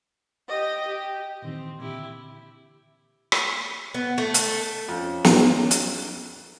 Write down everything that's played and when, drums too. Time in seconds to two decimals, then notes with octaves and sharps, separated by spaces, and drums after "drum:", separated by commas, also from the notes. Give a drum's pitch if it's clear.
0.48 G4 D#5
0.87 G4
1.42 A#2 D#3 E3 C4
1.80 A#2 D3 E4 G4
3.32 drum: rim click
3.94 B3
4.18 A3
4.34 drum: hi-hat
4.88 F2 C#4
5.25 drum: snare
5.71 drum: hi-hat